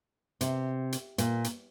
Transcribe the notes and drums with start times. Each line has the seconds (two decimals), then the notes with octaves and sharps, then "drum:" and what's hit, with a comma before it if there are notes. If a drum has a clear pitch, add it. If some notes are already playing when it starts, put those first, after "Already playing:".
0.41 C3, drum: hi-hat
0.92 drum: hi-hat
1.18 A#2, drum: hi-hat
1.44 drum: hi-hat